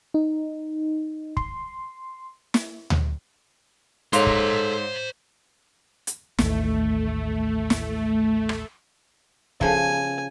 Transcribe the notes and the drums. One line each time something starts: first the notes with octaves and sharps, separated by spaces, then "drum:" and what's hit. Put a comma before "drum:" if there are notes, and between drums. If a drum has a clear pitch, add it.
D#4
C6, drum: kick
drum: snare
drum: tom D2
G#2 A4 C5 C#5 F5 A#5 C6, drum: hi-hat
drum: kick
drum: hi-hat
A1 D#2 A3, drum: snare
drum: snare
drum: rim click
C#3 F3 G#5, drum: kick